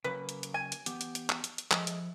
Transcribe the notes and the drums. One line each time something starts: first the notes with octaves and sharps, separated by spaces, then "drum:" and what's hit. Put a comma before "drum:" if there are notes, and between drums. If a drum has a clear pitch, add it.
C#3 F#3 A#3 B4
drum: hi-hat
drum: hi-hat
G#5
drum: hi-hat
E3 B3 G4, drum: hi-hat
drum: hi-hat
drum: hi-hat
drum: clap
drum: hi-hat
drum: hi-hat
F3 G#3 A4 E5, drum: clap
drum: hi-hat